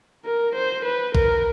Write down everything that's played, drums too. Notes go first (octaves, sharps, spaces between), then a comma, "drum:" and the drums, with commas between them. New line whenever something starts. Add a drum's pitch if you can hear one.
A#4
C5
B4
A#4, drum: kick A#1